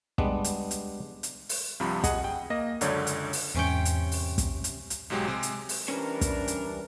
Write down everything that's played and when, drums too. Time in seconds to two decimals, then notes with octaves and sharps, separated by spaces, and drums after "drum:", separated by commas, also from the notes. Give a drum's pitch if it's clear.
0.18 G3 G#3 B3 D4, drum: kick
0.44 drum: hi-hat
0.71 drum: hi-hat
1.23 drum: hi-hat
1.49 drum: open hi-hat
1.80 C2 G2 C3 F3 B5 C#6
2.04 G#4 D#5 F#5, drum: kick, hi-hat
2.24 G5
2.50 A#3 D#5 A#6
2.81 C#2 F#2 D3 C#5 D5 G6, drum: hi-hat
3.07 drum: hi-hat
3.33 drum: open hi-hat
3.55 E2 G#2 C3 C#4 G5
3.85 drum: hi-hat
4.12 drum: open hi-hat
4.38 drum: kick, hi-hat
4.64 drum: hi-hat
4.90 drum: hi-hat
5.10 B1 G#2 F#3 G#3 G4
5.28 C3 G#3
5.43 drum: hi-hat
5.69 drum: open hi-hat
5.88 E3 G3 C#4 D4 A#4 C5 C#5
6.21 drum: kick, hi-hat
6.48 drum: hi-hat